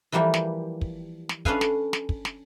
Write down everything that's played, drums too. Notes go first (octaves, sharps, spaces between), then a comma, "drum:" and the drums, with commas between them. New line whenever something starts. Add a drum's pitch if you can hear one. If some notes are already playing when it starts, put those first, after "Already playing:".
E3 F3 G3 A#3 G4
drum: snare
drum: kick
drum: snare
C#4 D4 A4 B4 F5 G#5, drum: kick
drum: snare
drum: snare
drum: kick
drum: snare